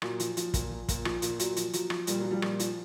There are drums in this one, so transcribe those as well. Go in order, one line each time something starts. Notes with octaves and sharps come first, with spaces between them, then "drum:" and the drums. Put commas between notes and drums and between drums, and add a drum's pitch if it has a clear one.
A#2 F#3, drum: rim click
F3, drum: hi-hat
F3, drum: hi-hat
A#2, drum: kick, hi-hat
F3
A#2, drum: kick, hi-hat
F3, drum: rim click
A#2, drum: hi-hat
A#2 F#3, drum: hi-hat
F3, drum: hi-hat
F3 F#3, drum: hi-hat
F3, drum: rim click
A#2 G3, drum: hi-hat
F3 F#3
F3 G3
A#2, drum: rim click
F3, drum: hi-hat